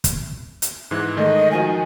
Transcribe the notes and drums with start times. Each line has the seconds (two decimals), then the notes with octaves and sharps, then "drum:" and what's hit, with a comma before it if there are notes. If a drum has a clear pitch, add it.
0.04 drum: kick, hi-hat
0.62 drum: hi-hat
0.91 G#2 E3 F#6
1.17 D#3 G#3 A3 D#5
1.51 D#3 F3 F#4 G#5